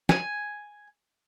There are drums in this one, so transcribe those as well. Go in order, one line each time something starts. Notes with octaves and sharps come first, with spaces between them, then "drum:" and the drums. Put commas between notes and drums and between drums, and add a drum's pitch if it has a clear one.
G#5, drum: snare